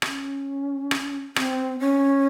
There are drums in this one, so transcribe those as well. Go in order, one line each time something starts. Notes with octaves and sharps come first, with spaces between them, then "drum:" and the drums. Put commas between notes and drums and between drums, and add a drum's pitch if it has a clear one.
C#4, drum: rim click
drum: rim click
C4, drum: rim click
C#4